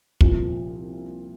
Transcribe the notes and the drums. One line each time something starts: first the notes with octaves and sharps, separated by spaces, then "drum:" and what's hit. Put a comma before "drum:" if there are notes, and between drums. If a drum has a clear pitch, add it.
C2 A#2 F3, drum: kick